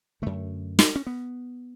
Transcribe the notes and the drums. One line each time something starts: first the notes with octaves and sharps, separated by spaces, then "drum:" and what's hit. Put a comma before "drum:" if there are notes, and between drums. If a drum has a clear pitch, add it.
F#2 D3 A3
drum: snare
C#4
B3